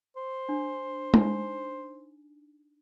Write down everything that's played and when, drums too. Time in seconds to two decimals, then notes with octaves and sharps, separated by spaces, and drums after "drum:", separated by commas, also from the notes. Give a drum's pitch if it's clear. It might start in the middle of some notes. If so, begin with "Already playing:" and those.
0.16 C5
0.49 D4
1.14 D4 D#4, drum: tom G#3